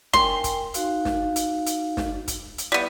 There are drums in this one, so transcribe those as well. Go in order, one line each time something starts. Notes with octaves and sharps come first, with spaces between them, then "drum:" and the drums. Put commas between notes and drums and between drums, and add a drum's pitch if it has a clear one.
A#4 G5 G#5 C6, drum: snare
drum: kick, hi-hat
D#4 F#4 F5, drum: hi-hat
drum: snare
drum: hi-hat
drum: hi-hat
drum: snare
drum: kick, hi-hat
drum: hi-hat
G3 B3 E4 E5